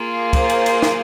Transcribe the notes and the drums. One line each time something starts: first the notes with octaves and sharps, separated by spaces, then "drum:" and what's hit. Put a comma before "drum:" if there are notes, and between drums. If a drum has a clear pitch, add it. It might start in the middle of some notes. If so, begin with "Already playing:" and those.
Already playing: A#3 F4 G#4
C5, drum: kick, cymbal
drum: cymbal
drum: cymbal
drum: snare